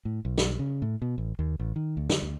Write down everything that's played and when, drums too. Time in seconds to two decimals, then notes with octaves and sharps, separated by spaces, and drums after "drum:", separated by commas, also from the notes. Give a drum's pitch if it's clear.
0.05 A2
0.25 B1
0.38 drum: snare
0.59 C#3
0.82 A2
1.02 B2
1.18 A1
1.39 D#2
1.59 A1
1.76 D#3
1.97 D2
2.10 D3, drum: snare
2.22 D2